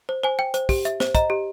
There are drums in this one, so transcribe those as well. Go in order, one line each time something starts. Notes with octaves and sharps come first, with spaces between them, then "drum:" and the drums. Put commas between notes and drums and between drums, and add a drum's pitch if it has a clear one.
C5
C5 G#5
G5
C5, drum: hi-hat
G4, drum: kick, open hi-hat
E5, drum: hi-hat
C5, drum: snare
D#5 A#5, drum: kick, hi-hat
G4